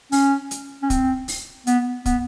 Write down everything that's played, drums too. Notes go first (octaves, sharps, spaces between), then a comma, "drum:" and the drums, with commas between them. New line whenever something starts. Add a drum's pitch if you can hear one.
C#4, drum: open hi-hat
drum: hi-hat
C#4
C4, drum: kick, hi-hat
drum: open hi-hat
B3, drum: hi-hat
B3, drum: kick, hi-hat